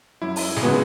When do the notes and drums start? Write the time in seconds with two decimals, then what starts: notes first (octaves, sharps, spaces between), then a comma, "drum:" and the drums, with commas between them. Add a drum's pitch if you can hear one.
0.22 F#2 E4
0.36 drum: open hi-hat
0.57 G#4, drum: snare
0.63 C#3 G#3 B3 F#4